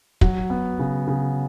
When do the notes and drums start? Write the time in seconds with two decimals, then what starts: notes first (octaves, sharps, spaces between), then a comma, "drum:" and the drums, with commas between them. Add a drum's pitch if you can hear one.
0.21 F#3, drum: kick
0.50 B3
0.79 C#3
1.07 C#3